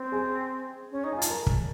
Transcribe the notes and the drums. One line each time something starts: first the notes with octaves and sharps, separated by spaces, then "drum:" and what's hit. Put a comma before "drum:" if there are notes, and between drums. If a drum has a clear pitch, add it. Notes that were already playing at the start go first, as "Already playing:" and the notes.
Already playing: C4
G#4 G#5
C#4
D#4
G#5
F4
A5, drum: hi-hat
A#4 A#5
drum: kick